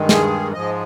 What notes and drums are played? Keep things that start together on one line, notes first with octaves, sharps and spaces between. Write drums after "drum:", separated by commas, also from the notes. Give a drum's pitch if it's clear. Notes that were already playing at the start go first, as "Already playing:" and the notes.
Already playing: G2 D#3 G#3
G#4, drum: snare
G#2 F3 G#3 D#5